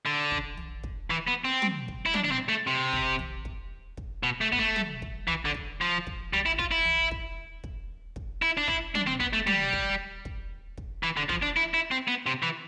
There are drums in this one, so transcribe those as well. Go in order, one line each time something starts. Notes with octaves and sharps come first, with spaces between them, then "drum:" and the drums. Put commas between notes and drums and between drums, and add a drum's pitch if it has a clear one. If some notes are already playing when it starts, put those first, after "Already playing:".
D3
drum: kick
drum: tom
drum: kick
E3
B3
C4
drum: tom
drum: kick
E4
D4, drum: tom
D4
C4
A3
C3
drum: kick
drum: tom
drum: kick
drum: kick
B2
A3
B3, drum: kick
A3
drum: tom
drum: kick
E3, drum: tom
D3
drum: kick
F3
drum: kick
G3, drum: tom
E4
F4, drum: kick
E4
drum: tom
drum: kick
drum: kick
drum: kick
E4
D4
E4, drum: kick
D4, drum: tom
C4
B3, drum: kick
A3
G3, drum: tom
drum: kick
drum: kick
drum: kick
E3
D3
F3, drum: kick
D4
E4
E4
C4
B3
C3
E3